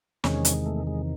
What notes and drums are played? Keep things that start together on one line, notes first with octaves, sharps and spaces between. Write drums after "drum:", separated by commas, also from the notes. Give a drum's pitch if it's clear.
E2 C3 D#3 G#3 C#4, drum: snare
drum: hi-hat
A3
G#3